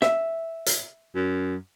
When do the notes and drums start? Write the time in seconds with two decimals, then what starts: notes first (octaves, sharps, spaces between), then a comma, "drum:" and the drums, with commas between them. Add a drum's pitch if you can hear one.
0.02 E5, drum: snare
0.66 drum: hi-hat
1.15 F#2